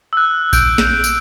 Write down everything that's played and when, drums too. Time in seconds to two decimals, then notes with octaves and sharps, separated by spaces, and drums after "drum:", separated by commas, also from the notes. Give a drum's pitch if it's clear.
0.13 E6 F#6
0.53 G6 D7, drum: kick A#1, tambourine
0.78 drum: snare
1.04 drum: tambourine